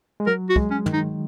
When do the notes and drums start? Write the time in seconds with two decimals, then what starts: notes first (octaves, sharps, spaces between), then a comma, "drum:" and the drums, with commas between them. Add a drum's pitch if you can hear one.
0.20 G#3
0.27 F#3 A#4
0.49 F#4
0.56 G#3, drum: kick
0.71 C#4
0.86 D#3, drum: tom
0.93 D#4